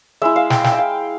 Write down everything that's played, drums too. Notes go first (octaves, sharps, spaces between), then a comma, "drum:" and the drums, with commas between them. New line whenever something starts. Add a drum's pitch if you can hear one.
G#3 E4 E5
F5
G5, drum: snare
G5, drum: snare
E5
F5